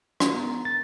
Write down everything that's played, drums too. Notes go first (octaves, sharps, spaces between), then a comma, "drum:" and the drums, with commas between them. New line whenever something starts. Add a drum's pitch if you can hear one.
drum: rim click
B3 A#4 A#5
A6